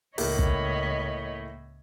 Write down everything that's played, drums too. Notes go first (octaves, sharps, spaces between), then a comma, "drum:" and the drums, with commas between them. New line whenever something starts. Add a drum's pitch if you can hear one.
C#2 A2 A#3 C#5 D#5 B5, drum: open hi-hat
drum: kick